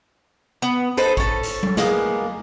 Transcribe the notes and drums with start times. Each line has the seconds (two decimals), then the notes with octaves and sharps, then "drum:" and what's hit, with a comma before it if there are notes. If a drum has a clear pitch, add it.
0.62 B3
0.97 D#4 A4 B4 C5
1.17 C#4 A4, drum: kick A1
1.43 drum: hi-hat
1.63 drum: tom F#3
1.77 G#3 A#3 B3, drum: snare